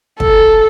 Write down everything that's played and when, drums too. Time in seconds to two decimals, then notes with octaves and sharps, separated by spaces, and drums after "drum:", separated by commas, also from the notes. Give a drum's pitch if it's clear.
0.20 A4, drum: kick